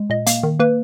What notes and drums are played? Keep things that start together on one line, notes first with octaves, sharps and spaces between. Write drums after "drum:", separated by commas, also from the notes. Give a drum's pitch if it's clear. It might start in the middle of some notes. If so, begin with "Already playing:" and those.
Already playing: G#3
A#2 D#5
A#3 F5, drum: hi-hat
D#3
A#3 B4